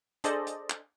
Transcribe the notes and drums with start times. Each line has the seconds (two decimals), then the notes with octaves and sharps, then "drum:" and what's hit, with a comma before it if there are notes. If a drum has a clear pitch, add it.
0.24 D4 G#4 A4 C5 D5 D#5, drum: hi-hat
0.47 drum: hi-hat
0.70 drum: clap